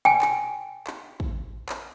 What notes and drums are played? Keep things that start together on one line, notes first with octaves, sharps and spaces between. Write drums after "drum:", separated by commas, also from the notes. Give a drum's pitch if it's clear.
G5 G#5
drum: clap
drum: clap
drum: kick
drum: clap